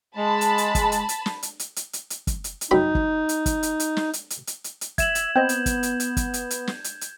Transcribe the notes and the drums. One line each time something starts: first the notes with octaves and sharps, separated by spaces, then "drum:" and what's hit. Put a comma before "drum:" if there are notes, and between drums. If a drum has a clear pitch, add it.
G#3 A5 B5
drum: hi-hat
drum: hi-hat
drum: kick, hi-hat
drum: hi-hat
drum: hi-hat
drum: snare
drum: hi-hat
drum: hi-hat
drum: hi-hat
drum: hi-hat
drum: hi-hat
drum: kick, hi-hat
drum: hi-hat
drum: hi-hat
F#2 D#4 G5 B5
drum: kick
drum: hi-hat
drum: kick, hi-hat
drum: hi-hat
drum: hi-hat
drum: snare
drum: hi-hat
drum: hi-hat
drum: hi-hat
drum: hi-hat
drum: hi-hat
E5 G#6 E7 F#7, drum: kick, hi-hat
drum: hi-hat
B3 C4 C5 D#5 G6
drum: hi-hat
drum: kick, hi-hat
drum: hi-hat
drum: hi-hat
drum: kick, hi-hat
drum: hi-hat
drum: hi-hat
drum: snare
drum: hi-hat
drum: hi-hat